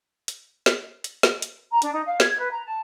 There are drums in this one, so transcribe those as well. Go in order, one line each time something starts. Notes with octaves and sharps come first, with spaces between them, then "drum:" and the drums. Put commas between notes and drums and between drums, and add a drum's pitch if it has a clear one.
drum: hi-hat
drum: snare
drum: hi-hat
drum: snare
drum: hi-hat
A#5
D4, drum: hi-hat
D#4
F5
G#6, drum: snare
B4
A#5
A5